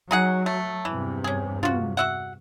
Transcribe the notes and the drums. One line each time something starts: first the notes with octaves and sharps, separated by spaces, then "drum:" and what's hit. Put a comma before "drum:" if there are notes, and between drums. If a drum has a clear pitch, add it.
F#3 D#4 G#4 F#5
A3
E2 G2 C3 E3
C#4 G#4
F4 F#4, drum: tom
F#4 E5 F#5